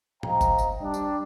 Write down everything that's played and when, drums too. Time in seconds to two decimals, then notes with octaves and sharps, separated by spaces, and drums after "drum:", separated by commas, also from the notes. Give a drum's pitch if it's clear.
0.23 C5 D#5 F5 G5 A#5, drum: tom A2
0.41 drum: kick G1, tambourine
0.58 drum: tambourine
0.81 G3 D4
0.94 drum: tambourine